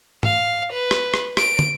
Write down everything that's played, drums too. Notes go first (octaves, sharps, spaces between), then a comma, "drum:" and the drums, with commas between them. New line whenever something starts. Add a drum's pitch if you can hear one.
F5, drum: tom G#2
B4
drum: rim click
drum: rim click
D7, drum: rim click
drum: tom